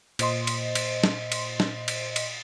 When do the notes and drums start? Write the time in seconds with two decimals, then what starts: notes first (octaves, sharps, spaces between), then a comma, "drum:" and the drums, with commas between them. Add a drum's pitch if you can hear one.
0.19 A#2 C5 D#5 C6, drum: cymbal
0.47 drum: cymbal
0.75 drum: cymbal
1.04 drum: snare
1.32 drum: cymbal
1.60 drum: snare
1.88 drum: cymbal
2.16 drum: cymbal